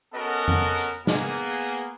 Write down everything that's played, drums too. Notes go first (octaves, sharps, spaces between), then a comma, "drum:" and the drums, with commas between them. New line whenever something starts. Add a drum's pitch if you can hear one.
B3 C#4 F#4 A4 A#4 D#5
drum: tom F2
drum: hi-hat
A#3 B3 G#4, drum: snare